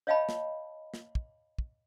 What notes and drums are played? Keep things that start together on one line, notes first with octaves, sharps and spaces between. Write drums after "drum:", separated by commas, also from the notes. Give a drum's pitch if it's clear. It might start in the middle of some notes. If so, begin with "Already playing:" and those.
C#5 D#5 F5 G5 A5 B5
drum: snare
drum: snare
drum: kick
drum: kick